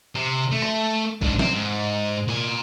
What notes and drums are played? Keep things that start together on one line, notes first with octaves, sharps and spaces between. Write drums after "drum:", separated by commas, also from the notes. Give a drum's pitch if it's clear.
C3
A3
drum: rim click
G#2 D4, drum: kick
C4, drum: snare
G#2
A#2 G#5